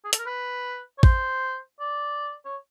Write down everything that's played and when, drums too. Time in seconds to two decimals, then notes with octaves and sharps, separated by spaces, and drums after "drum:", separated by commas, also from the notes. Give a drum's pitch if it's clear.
0.05 G#4
0.13 A4, drum: hi-hat
0.19 A#4
0.26 B4
0.98 C#5
1.03 C5, drum: kick A1
1.80 D5
2.45 C#5